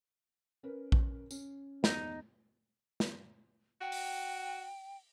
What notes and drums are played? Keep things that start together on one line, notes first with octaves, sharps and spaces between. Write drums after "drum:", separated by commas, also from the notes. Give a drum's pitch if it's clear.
C#4 A#4 B4
drum: kick A#1
C#4, drum: tambourine
E2 D#4, drum: snare
drum: snare
F#4 G5
drum: open hi-hat